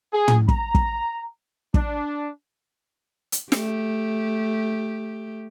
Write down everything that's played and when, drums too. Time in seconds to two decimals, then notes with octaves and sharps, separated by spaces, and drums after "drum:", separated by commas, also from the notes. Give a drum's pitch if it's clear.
0.13 G#4
0.28 drum: tom
0.48 A#5, drum: kick
0.75 drum: kick
1.74 D4, drum: kick
3.32 drum: hi-hat
3.52 A3 G4, drum: snare